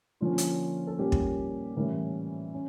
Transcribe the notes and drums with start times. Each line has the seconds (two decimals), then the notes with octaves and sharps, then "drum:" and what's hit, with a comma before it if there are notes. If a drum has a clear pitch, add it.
0.21 D3 F3 A#3 C#4 F4
0.38 drum: hi-hat
0.87 A4
0.99 A#2 G3 A#3 C#4 G4
1.12 drum: kick
1.76 A2 E3 G3 C#4 A#4
2.54 C#4